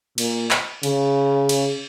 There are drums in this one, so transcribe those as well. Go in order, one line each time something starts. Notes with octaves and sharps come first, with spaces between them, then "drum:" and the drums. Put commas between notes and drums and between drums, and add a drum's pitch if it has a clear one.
A#2, drum: cymbal
drum: clap
C#3, drum: cymbal
drum: cymbal